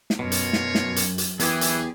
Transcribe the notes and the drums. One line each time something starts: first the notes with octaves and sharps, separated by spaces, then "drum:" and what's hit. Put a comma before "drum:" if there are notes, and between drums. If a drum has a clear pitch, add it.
drum: snare
F#2 B2 A#3 F4 C#5
drum: hi-hat
drum: snare
drum: snare
drum: hi-hat
drum: hi-hat
E2 E3 G4 G#4, drum: hi-hat
drum: hi-hat